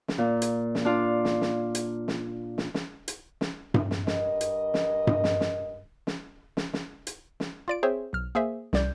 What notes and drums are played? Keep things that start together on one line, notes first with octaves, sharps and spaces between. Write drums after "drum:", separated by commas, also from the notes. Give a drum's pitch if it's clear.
drum: snare
A#2
drum: hi-hat
drum: snare
D4 F4
drum: snare
drum: snare
drum: hi-hat
drum: snare
drum: snare
drum: snare
drum: hi-hat
drum: snare
drum: tom G2
drum: snare
G2 A#4 D#5, drum: snare
drum: hi-hat
drum: snare
drum: tom G2
drum: snare
drum: snare
drum: snare
drum: snare
drum: snare
drum: hi-hat
drum: snare
F4 D5 D7
C4 G#4 C5 C#5 E5
B1 F6
A#3 G#4 C5 E5
C2 D5 G6, drum: snare